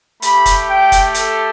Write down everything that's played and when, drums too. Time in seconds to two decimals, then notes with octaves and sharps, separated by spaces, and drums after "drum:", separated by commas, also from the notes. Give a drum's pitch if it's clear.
0.22 A3 G4 B5, drum: hi-hat
0.46 drum: kick, hi-hat
0.68 G5
0.92 drum: kick, hi-hat
1.14 A4, drum: hi-hat